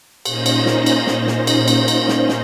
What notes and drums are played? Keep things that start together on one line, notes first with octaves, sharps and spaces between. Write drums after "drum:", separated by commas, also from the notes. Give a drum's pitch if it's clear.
A#2 C#4 D#4 C5 A#6, drum: cymbal
drum: cymbal
drum: snare
drum: cymbal
drum: snare
drum: snare
drum: cymbal
drum: cymbal
drum: cymbal
drum: snare
drum: snare